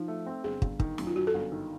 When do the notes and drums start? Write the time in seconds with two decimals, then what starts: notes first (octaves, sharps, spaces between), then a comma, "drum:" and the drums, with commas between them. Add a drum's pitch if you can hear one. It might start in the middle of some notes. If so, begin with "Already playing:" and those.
Already playing: F3 D#4
0.08 A3
0.27 C4
0.44 G1 G#4
0.62 G1, drum: kick
0.80 D#3, drum: kick
0.98 F#2, drum: snare
1.07 F4
1.16 F#2 F#4
1.27 A4
1.34 G1
1.40 A4
1.52 D#3